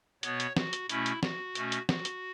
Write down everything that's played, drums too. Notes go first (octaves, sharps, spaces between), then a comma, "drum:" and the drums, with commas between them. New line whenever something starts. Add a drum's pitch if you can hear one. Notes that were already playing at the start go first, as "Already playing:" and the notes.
B2 B3 C#5, drum: hi-hat
drum: hi-hat
F#4, drum: snare
drum: hi-hat
B2 A3 C#4 E4, drum: hi-hat
drum: hi-hat
F#4, drum: snare
B2 A3 C#4, drum: hi-hat
drum: hi-hat
F#4, drum: snare
drum: hi-hat